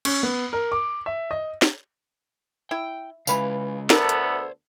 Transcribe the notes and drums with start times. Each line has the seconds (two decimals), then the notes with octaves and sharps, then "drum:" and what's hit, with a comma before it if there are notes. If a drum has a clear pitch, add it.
0.05 C#4, drum: cymbal
0.23 B3
0.53 A#4
0.72 D6
1.06 E5
1.31 D#5
1.62 drum: snare
2.71 E4 G5
3.27 C#3 E3 G#3 B4 F5, drum: tambourine
3.90 D2 B3 A4 A#4 C5 D5 F#5, drum: snare
4.09 drum: hi-hat